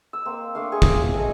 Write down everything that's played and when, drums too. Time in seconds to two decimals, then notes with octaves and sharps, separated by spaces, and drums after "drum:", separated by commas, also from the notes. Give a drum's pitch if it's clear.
0.13 E6
0.25 A#3 C4
0.55 A3 D4 F5
0.72 C4 G#4 C#6 D#6
0.82 drum: kick G1
0.95 G#5
1.16 A4 D#5